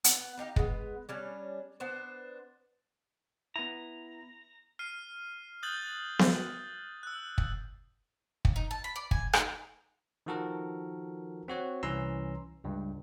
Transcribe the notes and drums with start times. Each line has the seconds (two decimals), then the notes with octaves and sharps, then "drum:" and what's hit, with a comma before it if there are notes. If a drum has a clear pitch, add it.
0.04 B3, drum: hi-hat
0.37 D4 D#4 G4 F5
0.56 G#3 B3, drum: kick
1.09 G3 C#4 D4
1.80 B3 D4 C5
3.56 B3 E4 A#5
4.79 F6 C7 D#7
5.63 D#6 F#6 G6 A6 F#7 G7
6.19 drum: snare B3
7.03 E6 F#6
7.38 drum: kick
8.45 drum: kick
8.56 D#4
8.71 A5
8.84 B5
8.96 D5
9.11 G#5, drum: kick
9.33 D#4, drum: rim click
10.26 D#3 F3 F#4 A4 A#4
11.48 C4 F#4 C#5
11.83 C2 E3 C#4 A#5 C6 E6
12.64 C#2 G2